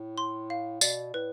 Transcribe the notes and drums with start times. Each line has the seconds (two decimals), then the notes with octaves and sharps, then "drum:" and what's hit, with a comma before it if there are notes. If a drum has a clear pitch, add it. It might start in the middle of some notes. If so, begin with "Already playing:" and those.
Already playing: A2
0.18 C6
0.50 F5
0.81 B2 D5, drum: tambourine
1.14 A2 B4